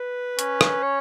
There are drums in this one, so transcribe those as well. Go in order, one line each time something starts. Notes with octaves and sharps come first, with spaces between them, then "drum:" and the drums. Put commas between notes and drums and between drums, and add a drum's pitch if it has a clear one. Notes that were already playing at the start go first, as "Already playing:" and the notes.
Already playing: B4
C#4, drum: hi-hat
drum: rim click
C#5